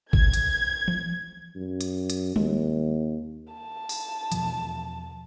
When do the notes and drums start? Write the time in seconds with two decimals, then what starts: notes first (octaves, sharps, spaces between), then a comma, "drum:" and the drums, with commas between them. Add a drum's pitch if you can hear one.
0.13 G#6, drum: kick
0.33 drum: hi-hat
0.88 drum: tom E3
1.56 F#2
1.81 drum: hi-hat
2.10 drum: hi-hat
2.36 D#2, drum: tom G3
3.53 A5
3.89 drum: open hi-hat
4.32 E2 B2 F3, drum: hi-hat